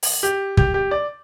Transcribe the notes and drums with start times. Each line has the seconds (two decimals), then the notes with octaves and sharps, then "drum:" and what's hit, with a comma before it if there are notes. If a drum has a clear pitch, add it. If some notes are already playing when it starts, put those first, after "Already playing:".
0.03 drum: open hi-hat
0.23 G4
0.57 G4, drum: kick
0.74 G4
0.91 D5